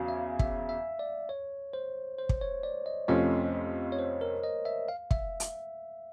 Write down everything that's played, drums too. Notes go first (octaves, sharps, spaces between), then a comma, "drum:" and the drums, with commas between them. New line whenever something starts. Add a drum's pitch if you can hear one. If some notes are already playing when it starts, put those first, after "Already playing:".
Already playing: E2 C#3 F#3 F5
E5
E5, drum: kick
E5
D5
C#5
C5
C5
drum: kick
C#5
D5
D#5
F2 C3 F3 A3 C#4 D#5
C#5
C5
A#4
D#5
E5
F5
E5, drum: kick
drum: hi-hat